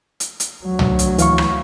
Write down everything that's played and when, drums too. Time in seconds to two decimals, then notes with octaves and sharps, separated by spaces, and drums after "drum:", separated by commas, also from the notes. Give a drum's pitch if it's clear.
0.20 drum: hi-hat
0.40 drum: hi-hat
0.65 D2 F#3
0.79 drum: tom
0.99 drum: hi-hat
1.18 E3 F5 C#6, drum: hi-hat
1.38 drum: rim click